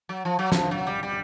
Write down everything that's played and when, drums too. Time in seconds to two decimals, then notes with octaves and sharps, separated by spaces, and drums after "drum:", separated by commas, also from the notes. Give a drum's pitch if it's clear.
0.09 F#3
0.25 F3
0.39 F#3
0.52 F3, drum: snare
0.71 F#3
0.87 G3
1.03 G3